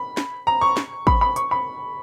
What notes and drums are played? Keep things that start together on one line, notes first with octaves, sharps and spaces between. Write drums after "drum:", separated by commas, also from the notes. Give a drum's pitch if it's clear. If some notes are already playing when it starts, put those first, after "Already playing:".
Already playing: B5
drum: snare
A#5
C#6
drum: snare
B5, drum: kick
B5
C#6, drum: hi-hat
B5